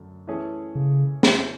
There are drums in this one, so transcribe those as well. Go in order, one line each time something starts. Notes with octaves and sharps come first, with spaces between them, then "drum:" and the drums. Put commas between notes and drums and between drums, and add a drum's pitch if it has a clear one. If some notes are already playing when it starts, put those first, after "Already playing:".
Already playing: F#2 D3 A3
E3 A3 C#4 G#4
C#3
B2 A3 E4 A4, drum: snare